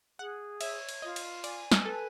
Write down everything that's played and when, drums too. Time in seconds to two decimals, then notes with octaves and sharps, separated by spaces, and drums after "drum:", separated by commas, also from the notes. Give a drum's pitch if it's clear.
0.19 G#4 F#5
0.61 C#5 E5, drum: cymbal
0.89 drum: cymbal
1.02 F4 D#5
1.16 drum: cymbal
1.44 D5 G#5, drum: cymbal
1.72 drum: snare
1.85 A4 B4